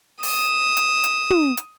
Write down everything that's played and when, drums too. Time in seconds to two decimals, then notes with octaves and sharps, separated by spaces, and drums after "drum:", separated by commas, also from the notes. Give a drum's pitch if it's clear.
0.23 D#6 E7, drum: open hi-hat
0.77 drum: hi-hat
1.04 drum: hi-hat
1.30 drum: tom
1.57 drum: hi-hat